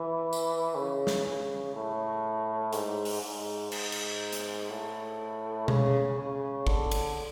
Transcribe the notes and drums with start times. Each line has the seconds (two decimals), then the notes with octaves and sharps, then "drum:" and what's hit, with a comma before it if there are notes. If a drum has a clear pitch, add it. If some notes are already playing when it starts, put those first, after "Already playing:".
Already playing: E3
0.33 drum: tambourine
0.75 C#3
1.07 drum: snare
1.25 C#3
1.75 A2
2.73 G#2, drum: hi-hat
3.05 drum: open hi-hat
3.21 G#2
3.72 G#2, drum: cymbal
3.92 drum: cymbal
4.33 drum: hi-hat
4.70 A2
5.68 C#3, drum: tom B2
6.17 C#3
6.67 D3, drum: kick G#1
6.91 drum: cymbal